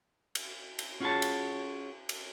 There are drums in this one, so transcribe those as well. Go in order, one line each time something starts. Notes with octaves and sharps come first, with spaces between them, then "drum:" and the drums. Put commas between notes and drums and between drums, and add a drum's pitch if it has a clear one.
drum: cymbal
drum: cymbal
C#4 F4 F#4 G#4 C#5 A5
drum: cymbal
drum: cymbal